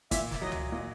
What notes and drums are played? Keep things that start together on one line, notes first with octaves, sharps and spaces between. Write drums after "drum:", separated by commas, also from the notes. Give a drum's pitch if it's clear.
A#2 E5, drum: kick, hi-hat
drum: snare
F#3 D#5
drum: tom C#2
A#2 D#5